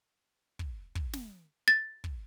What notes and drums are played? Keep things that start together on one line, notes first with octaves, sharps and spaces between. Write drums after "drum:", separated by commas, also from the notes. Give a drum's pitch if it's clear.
drum: kick
drum: kick
drum: snare
A6
drum: kick